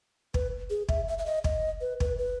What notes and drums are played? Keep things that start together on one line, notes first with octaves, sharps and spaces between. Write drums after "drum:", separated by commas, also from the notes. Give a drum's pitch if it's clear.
B4, drum: kick
G#4
E5, drum: kick
E5
E5
D#5
D#5, drum: kick
B4
B4, drum: kick
B4